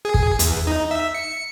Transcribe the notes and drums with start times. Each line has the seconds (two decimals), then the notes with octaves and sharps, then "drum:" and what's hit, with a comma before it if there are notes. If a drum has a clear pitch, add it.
0.05 G#4
0.14 drum: kick
0.39 E2, drum: hi-hat
0.67 D#4
0.91 E5
1.14 C#7